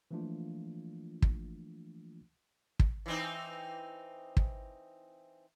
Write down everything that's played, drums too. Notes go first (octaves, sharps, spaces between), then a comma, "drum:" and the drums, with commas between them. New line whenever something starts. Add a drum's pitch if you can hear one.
E3 F3 A3 A#3 D4 F4
drum: kick
drum: kick
E3 C4 D#4
drum: kick